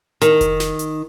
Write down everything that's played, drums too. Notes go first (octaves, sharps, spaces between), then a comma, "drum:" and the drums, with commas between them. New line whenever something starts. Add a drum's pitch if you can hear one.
D#3, drum: hi-hat
drum: kick F1, hi-hat
drum: snare
drum: hi-hat